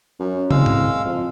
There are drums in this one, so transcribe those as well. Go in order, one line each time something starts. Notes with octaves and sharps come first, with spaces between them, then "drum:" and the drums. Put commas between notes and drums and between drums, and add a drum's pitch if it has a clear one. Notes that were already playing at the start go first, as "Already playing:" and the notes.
F#2
C2 G#3 F5 E6, drum: tom
drum: tom
F2